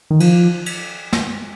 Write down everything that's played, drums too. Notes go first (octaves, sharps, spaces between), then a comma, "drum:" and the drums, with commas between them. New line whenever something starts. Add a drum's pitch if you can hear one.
D#3
F3, drum: cymbal
drum: cymbal
drum: snare